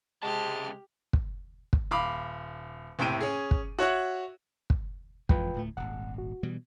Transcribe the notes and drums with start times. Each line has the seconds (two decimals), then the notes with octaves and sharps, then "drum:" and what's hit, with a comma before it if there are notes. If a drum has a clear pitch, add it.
0.23 C#2 C3 G#3 G4 A5 F6
1.13 drum: kick
1.73 drum: kick
1.91 D#1 F5 B5 D6
2.99 F#1 A2 C3 G5 D7 D#7
3.21 C#4 G#4
3.51 drum: kick
3.79 F#4 C#5 E5 F#5
4.70 drum: kick
5.29 F2 E3 G#3 F4 B4 G5, drum: kick
5.54 D1 A2 A3
5.77 D#1 G#1 F#5
6.18 F#4
6.43 B2 E3 G3